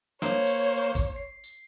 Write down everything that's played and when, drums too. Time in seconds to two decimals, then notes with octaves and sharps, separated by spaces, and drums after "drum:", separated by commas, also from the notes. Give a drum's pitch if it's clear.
0.22 A#3 C5 C#5, drum: snare
0.46 drum: tambourine
0.95 drum: kick, tambourine
1.16 C7
1.44 drum: tambourine